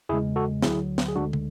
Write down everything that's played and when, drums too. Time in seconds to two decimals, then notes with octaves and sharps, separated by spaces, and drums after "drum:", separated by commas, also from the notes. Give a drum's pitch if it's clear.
0.09 E2 C#3 G#3 E4 G#4
0.36 F#4 A4
0.62 D2 D3 F#3 E4 G#4, drum: snare
0.98 drum: snare
1.08 G#4
1.16 D2 D3 G#3 D4 F#4
1.33 drum: tom